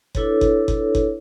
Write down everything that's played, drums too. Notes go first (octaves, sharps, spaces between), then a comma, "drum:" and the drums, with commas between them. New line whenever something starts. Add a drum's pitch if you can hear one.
D4 E4 A4 B4 C#5, drum: kick F#1
drum: kick F#1
drum: kick F#1
drum: kick F#1